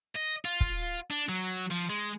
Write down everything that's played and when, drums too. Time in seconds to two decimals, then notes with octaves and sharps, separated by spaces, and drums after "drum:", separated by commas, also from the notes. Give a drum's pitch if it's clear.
0.15 D#5
0.45 F4
0.61 drum: kick
1.11 D4
1.29 F#3
1.71 F3
1.90 G#3